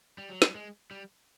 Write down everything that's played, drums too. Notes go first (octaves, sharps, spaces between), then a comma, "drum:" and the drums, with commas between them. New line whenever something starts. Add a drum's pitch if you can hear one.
G3
F#3
G3, drum: snare
G#3
G3